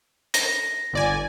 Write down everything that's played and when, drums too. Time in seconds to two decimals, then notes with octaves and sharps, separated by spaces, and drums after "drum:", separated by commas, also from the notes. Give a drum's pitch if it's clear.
0.34 A#6, drum: hi-hat
0.93 G1 D5 G#5